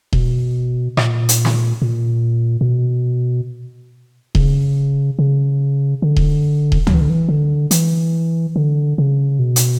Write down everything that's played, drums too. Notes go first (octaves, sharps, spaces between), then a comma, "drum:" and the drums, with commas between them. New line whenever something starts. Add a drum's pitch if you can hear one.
B2, drum: kick D#1
A#2, drum: rim click
drum: hi-hat
drum: snare
A#2
A#2
B2
C#3, drum: kick D#1
C#3
D3
drum: kick D#1
drum: kick D#1
F#3, drum: tom
E3
D3
E3
D3
E3, drum: hi-hat
D3
C#3
B2
drum: hi-hat